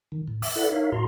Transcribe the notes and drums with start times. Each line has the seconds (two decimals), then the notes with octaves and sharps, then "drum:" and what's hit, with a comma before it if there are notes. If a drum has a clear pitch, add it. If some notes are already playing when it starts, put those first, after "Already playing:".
0.12 D#3
0.28 A2
0.42 E5 D6 E6, drum: open hi-hat
0.56 E4 A4 B4 D5 E5 F#5
0.72 D#4 A#4 C#5 E5 F5
0.92 A2 F#4 A#5 C6